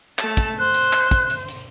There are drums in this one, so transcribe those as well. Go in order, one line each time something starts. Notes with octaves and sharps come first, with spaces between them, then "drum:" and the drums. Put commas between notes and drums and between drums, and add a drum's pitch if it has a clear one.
A3 A5, drum: clap
drum: kick, hi-hat
C5 F#6
drum: hi-hat
drum: clap
drum: kick, hi-hat
drum: hi-hat
drum: hi-hat